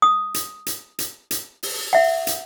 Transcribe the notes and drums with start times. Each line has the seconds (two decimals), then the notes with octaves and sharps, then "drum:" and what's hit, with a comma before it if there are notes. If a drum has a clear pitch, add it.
0.02 D#6
0.34 drum: hi-hat
0.66 drum: hi-hat
0.99 drum: hi-hat
1.31 drum: hi-hat
1.63 drum: open hi-hat
1.93 E5 F#5
2.27 drum: hi-hat